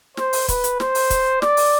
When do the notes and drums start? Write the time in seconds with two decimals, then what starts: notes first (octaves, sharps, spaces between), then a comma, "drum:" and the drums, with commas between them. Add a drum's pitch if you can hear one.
0.17 C5, drum: snare
0.33 drum: open hi-hat
0.48 B4, drum: kick, hi-hat
0.64 drum: hi-hat
0.80 C5, drum: snare
0.95 drum: open hi-hat
1.10 drum: kick, hi-hat
1.42 D5, drum: snare
1.57 drum: open hi-hat